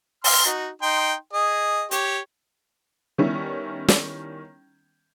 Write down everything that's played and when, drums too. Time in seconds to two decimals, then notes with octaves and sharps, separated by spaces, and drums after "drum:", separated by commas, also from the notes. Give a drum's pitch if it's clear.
0.24 C6 F6, drum: open hi-hat
0.46 D#4 F#4
0.82 D#4 G5 C6
1.33 G#4 D#5
1.91 G4 C#5, drum: hi-hat
3.18 D#3 G3 B3 C#4 E4
3.88 drum: snare